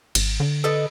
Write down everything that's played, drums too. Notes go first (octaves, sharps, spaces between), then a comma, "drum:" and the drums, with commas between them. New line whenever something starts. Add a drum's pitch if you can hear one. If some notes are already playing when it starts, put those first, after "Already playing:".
G#1, drum: cymbal
D3
A4 B4 D#5